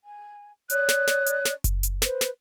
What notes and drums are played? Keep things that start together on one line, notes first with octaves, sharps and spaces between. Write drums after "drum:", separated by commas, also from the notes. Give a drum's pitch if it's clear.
G#5
C#5 D5 D#6 F#6, drum: hi-hat
drum: snare
drum: snare
drum: hi-hat
drum: snare
drum: kick F#1, hi-hat
drum: hi-hat
B4 C5, drum: snare
drum: snare